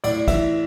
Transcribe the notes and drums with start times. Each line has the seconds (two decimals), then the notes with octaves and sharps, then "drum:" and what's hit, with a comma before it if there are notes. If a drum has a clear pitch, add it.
0.04 A2 D5, drum: cymbal
0.28 E3 E5, drum: kick, cymbal